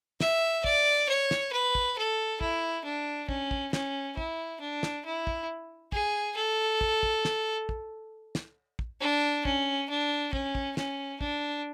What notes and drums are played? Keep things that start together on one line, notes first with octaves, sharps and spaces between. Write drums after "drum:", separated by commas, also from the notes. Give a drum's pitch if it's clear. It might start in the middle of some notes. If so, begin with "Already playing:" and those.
E5, drum: snare
D5, drum: kick
C#5
drum: snare
B4
drum: kick
A4
E4, drum: kick
D4
C#4, drum: kick
drum: kick
C#4, drum: snare
E4, drum: kick
D4
drum: snare
E4
drum: kick
G#4, drum: kick
A4
drum: kick
drum: kick
drum: snare
drum: kick
drum: snare
drum: kick
D4
C#4, drum: kick
D4
C#4, drum: kick
drum: kick
C#4, drum: snare
D4, drum: kick